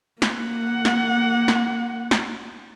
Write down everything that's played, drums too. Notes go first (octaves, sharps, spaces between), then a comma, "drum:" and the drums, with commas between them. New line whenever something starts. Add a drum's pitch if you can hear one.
A#3 F#5, drum: snare
drum: snare
drum: snare
drum: snare